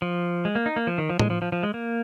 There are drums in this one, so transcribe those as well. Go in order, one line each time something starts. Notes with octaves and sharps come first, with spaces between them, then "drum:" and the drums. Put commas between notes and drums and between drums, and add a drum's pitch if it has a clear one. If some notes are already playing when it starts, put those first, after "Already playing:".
F3
G#3
A#3
D#4
A#3
F3
D#3
F3
G#3, drum: tom
F3
F3
F3
G#3
A#3